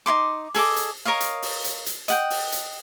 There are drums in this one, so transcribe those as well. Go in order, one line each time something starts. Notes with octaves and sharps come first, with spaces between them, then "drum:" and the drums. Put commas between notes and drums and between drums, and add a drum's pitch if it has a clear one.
D#4 F4 C6 D6
G#4 A4 D#5 D6, drum: open hi-hat
drum: hi-hat
A#4 C#5 D#5 F5
drum: hi-hat
drum: open hi-hat
drum: hi-hat
drum: hi-hat
D#5 F#5 G5, drum: hi-hat
drum: open hi-hat
drum: hi-hat